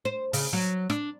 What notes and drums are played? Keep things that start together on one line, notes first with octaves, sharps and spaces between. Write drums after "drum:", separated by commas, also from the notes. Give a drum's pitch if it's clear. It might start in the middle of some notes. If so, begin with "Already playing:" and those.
C5
C#3, drum: open hi-hat
F#3
D4, drum: rim click